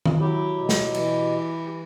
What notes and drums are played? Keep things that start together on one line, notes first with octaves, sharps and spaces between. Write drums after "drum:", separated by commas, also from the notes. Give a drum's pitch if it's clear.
drum: tom D#3
F#3 E4 G4
B2
drum: snare
E3, drum: cymbal